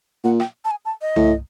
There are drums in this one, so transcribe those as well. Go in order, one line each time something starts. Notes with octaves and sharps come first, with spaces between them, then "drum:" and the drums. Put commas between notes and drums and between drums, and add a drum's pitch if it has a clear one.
A#2 F#5
G5, drum: rim click
A5
G#5
A5
D#5
A2, drum: tom C2